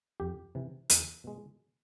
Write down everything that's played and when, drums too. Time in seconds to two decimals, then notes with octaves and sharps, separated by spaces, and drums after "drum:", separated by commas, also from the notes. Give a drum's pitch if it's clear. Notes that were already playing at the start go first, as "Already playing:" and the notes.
0.20 F2 G4
0.55 C3 E3
0.90 E2, drum: hi-hat
1.24 B2 G#3